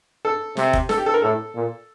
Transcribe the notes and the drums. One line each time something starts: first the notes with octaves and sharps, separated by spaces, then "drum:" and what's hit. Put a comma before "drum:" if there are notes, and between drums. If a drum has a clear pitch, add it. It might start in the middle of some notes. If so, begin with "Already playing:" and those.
A4
C3, drum: snare
drum: kick
A4, drum: snare
G4
A4
A#4
A2 A4
A#2